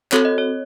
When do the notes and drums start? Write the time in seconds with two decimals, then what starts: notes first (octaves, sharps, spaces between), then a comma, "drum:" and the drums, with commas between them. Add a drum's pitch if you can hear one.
0.12 C4 F#4 A4 C#5, drum: clap
0.25 D#5
0.38 C#5